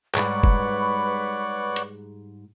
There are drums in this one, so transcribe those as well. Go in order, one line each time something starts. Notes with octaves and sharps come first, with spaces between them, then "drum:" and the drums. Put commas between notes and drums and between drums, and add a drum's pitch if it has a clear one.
G#2 G3 B4 C#5 D5 F#5 B5 C#6, drum: clap
drum: kick F1
drum: hi-hat